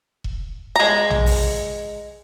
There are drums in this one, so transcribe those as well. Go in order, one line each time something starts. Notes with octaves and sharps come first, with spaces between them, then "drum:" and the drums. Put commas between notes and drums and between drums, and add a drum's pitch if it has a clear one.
drum: kick E1
G#3 A#5
drum: tom
drum: open hi-hat